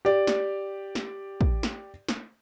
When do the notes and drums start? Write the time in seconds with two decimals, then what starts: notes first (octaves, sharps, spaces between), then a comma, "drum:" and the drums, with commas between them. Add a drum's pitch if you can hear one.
0.05 G4 D5
0.27 drum: snare
0.95 drum: snare
1.41 drum: kick
1.63 drum: snare
2.09 drum: snare